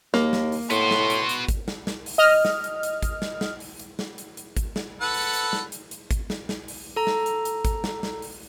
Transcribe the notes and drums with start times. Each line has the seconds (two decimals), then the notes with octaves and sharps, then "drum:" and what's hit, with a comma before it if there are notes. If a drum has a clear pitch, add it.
0.14 D#2 A#3, drum: snare
0.33 drum: snare
0.52 drum: open hi-hat
0.70 A2 B3 F#4 C6, drum: hi-hat
0.91 drum: snare
1.10 drum: hi-hat
1.29 drum: hi-hat
1.48 drum: kick G#1, hi-hat
1.68 drum: snare
1.87 drum: snare
2.06 drum: open hi-hat
2.18 D#5 F6
2.45 drum: snare
2.64 drum: hi-hat
2.83 drum: hi-hat
3.02 drum: kick G#1, hi-hat
3.22 drum: snare
3.41 drum: snare
3.60 drum: open hi-hat
3.80 drum: hi-hat
3.99 drum: snare
4.18 drum: hi-hat
4.37 drum: hi-hat
4.57 drum: kick G#1, hi-hat
4.76 drum: snare
5.01 A4 B4 F#5
5.14 drum: open hi-hat
5.34 drum: hi-hat
5.53 drum: snare
5.72 drum: hi-hat
5.91 drum: hi-hat
6.11 drum: kick G#1, hi-hat
6.30 drum: snare
6.49 drum: snare
6.68 drum: open hi-hat
6.96 A4 A#5
7.07 drum: snare
7.26 drum: hi-hat
7.45 drum: hi-hat
7.65 drum: kick G#1, hi-hat
7.84 drum: snare
8.03 drum: snare
8.22 drum: open hi-hat